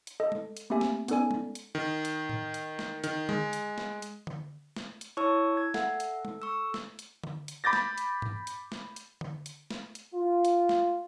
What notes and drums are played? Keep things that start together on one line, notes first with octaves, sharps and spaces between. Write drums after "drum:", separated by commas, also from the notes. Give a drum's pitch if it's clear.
drum: hi-hat
A4 D#5
drum: tom G#3
drum: hi-hat
A3 A#3 C4 G4 E5 G#5
drum: snare
B3 C#4 D#4 A4 D5 G#5, drum: hi-hat
drum: tom G#3
drum: hi-hat
D#3
drum: hi-hat
drum: tom A2
drum: hi-hat
drum: snare
D#3, drum: hi-hat
G#3, drum: tom D3
drum: hi-hat
drum: snare
drum: hi-hat
drum: tom D3
drum: snare
drum: hi-hat
E4 C#5 A5 C#6 E6
G#6
A4 E5 F#5, drum: snare
drum: hi-hat
drum: tom G#3
C#6 E6
drum: snare
drum: hi-hat
drum: tom D3
drum: hi-hat
B5 D6 G6 A6 A#6
drum: snare
drum: hi-hat
drum: tom G#2
drum: hi-hat
drum: snare
drum: hi-hat
drum: tom D3
drum: hi-hat
drum: snare
drum: hi-hat
F4
drum: hi-hat
drum: snare